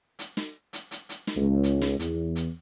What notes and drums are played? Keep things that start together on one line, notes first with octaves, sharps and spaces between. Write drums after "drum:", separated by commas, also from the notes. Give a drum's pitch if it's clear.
drum: hi-hat
drum: snare
drum: hi-hat
drum: hi-hat
drum: hi-hat
drum: snare
C#2
drum: hi-hat
drum: snare
E2, drum: hi-hat
drum: hi-hat